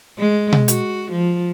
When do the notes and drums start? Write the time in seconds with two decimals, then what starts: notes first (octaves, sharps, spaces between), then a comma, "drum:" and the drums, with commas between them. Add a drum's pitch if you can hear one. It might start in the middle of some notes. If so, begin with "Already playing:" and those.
0.19 G#3
0.52 drum: tom B2
0.68 F#4, drum: hi-hat
1.11 F3